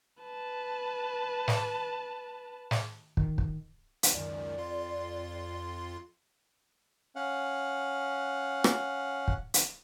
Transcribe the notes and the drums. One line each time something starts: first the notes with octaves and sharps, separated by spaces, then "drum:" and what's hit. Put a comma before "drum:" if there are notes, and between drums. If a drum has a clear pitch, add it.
B4 A5
drum: snare
drum: snare
D#3, drum: kick
drum: kick
drum: hi-hat
C#2 F#2 D#3 D5
F2 F4 C6
C#4 F5 F#5
drum: rim click
drum: kick
drum: hi-hat